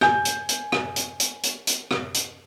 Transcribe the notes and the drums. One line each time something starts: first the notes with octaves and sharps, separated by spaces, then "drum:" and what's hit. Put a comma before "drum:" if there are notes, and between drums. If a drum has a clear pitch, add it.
G#5 G6, drum: rim click
drum: hi-hat
drum: hi-hat
drum: rim click
drum: hi-hat
drum: hi-hat
drum: hi-hat
drum: hi-hat
drum: rim click
drum: hi-hat